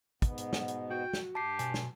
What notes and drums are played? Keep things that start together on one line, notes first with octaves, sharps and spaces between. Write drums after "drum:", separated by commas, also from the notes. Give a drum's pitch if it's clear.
G#2 B2 B3, drum: kick, hi-hat
drum: hi-hat
drum: snare
drum: hi-hat
F#4 G5
drum: snare
G2 G4 A5 D6 C7
B2 G#5, drum: hi-hat
drum: snare